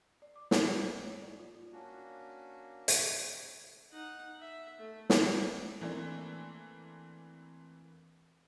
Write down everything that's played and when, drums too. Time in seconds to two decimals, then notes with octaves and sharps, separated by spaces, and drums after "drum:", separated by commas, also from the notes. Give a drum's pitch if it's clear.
0.22 D5
0.36 D6
0.51 G#2, drum: snare
0.65 G4
0.78 G#6
0.94 A#3
1.06 C#5
1.22 D5
1.39 F4
1.73 A#3 C#4 D4 F#4
2.88 drum: hi-hat
3.92 D#4 F#5
4.39 E5
4.78 A3
5.10 drum: snare
5.81 E3 A3 A#3 C4 D4